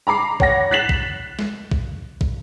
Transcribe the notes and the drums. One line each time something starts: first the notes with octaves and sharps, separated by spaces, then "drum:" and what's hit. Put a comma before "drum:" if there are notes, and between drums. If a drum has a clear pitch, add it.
A#5 B5 D6 C7
C#5 F#5 A#6, drum: kick
F#6 A6 B6 C7 E7 F#7
drum: kick
drum: snare
drum: kick
drum: kick